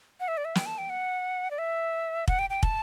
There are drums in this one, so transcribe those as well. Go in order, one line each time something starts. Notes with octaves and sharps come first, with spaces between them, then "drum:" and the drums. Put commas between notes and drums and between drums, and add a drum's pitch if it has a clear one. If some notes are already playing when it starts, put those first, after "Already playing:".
F#5
E5
D5
E5
G5, drum: snare
A5
G5
F#5
D5
E5
F#5, drum: kick
G5
G5
A5, drum: kick